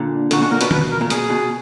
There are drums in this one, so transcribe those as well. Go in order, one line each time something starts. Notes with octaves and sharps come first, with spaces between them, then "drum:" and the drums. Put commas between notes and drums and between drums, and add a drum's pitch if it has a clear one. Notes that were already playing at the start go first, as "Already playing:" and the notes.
Already playing: A#2 D3
A#2 D3 F#4, drum: hi-hat
B2 F#4
A#2 A#4
B2 B4, drum: hi-hat
B2 B4, drum: tom D3
A#4
A#2
B2 G#4, drum: hi-hat
B2